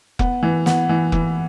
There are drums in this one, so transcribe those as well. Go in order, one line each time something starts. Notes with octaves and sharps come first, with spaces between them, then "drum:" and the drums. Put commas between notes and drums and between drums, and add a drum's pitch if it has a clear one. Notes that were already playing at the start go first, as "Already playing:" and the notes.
B3, drum: kick F1
E3
B3, drum: snare
E3
E3, drum: kick F1